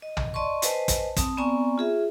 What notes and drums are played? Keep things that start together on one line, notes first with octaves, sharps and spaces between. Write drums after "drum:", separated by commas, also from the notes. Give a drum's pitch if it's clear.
D#5
drum: tom
D5 D#5 A5 C6 C#6
B4 C5 D#5 G#5 A5, drum: hi-hat
drum: kick, hi-hat
C4 A5 D#6, drum: kick, hi-hat
B3 C4 D5 G#5 A#5 C#6
F4 G#4 E5